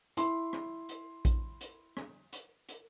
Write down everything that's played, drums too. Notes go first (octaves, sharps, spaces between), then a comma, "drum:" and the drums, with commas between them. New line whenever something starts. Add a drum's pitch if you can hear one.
E4 C6, drum: hi-hat
drum: rim click
drum: hi-hat
drum: kick A#1, hi-hat
drum: hi-hat
drum: rim click
drum: hi-hat
drum: hi-hat